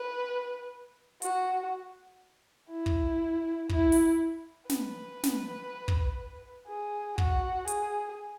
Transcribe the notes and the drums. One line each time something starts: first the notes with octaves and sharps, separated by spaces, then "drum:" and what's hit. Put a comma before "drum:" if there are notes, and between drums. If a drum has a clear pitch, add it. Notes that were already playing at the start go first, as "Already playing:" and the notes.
Already playing: B4
F#4, drum: hi-hat
E4
drum: kick
E4, drum: kick
drum: open hi-hat
B4, drum: snare
drum: snare
drum: kick
G#4
F#4, drum: kick
G#4, drum: hi-hat